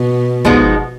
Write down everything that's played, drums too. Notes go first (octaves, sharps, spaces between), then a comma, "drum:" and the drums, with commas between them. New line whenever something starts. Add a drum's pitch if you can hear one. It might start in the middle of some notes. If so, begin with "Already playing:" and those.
Already playing: B2
F3 G#3 B3 D#4 F#4, drum: kick